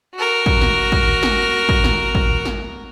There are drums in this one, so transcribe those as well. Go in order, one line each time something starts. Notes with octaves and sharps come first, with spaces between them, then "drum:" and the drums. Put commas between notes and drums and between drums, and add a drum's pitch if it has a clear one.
F#4 A#4
drum: kick
drum: snare
drum: kick
drum: snare
drum: kick
drum: snare
drum: kick
drum: snare